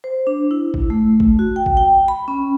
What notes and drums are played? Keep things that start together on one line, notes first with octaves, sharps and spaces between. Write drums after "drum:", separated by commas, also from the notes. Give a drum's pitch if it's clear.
C5
D4
E4
drum: kick
A3
drum: kick
F#4
G5
drum: kick
G5
B5
C#4